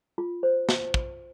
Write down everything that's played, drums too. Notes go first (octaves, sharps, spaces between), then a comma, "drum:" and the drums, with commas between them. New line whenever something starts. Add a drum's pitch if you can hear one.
F4
C5
drum: snare
drum: kick